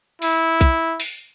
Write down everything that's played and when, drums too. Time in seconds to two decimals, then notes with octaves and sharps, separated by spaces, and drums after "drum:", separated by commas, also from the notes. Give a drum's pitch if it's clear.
0.22 E4, drum: open hi-hat
0.61 drum: kick B1, hi-hat
1.00 drum: open hi-hat